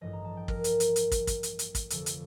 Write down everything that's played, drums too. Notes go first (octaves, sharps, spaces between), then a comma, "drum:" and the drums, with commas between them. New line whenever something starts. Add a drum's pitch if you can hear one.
A1 G2 F3 D#5
A#5
A5
G5
A#4, drum: kick
drum: hi-hat
drum: hi-hat
drum: hi-hat
drum: kick, hi-hat
drum: kick, hi-hat
drum: hi-hat
drum: hi-hat
drum: kick, hi-hat
F1 F2 D3 F3 A4, drum: hi-hat
drum: hi-hat